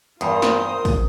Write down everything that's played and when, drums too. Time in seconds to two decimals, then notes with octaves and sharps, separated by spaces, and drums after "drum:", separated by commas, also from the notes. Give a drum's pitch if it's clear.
0.21 E2 G2 F4 A#4 C5 D#6, drum: hi-hat
0.42 drum: snare
0.85 drum: kick, open hi-hat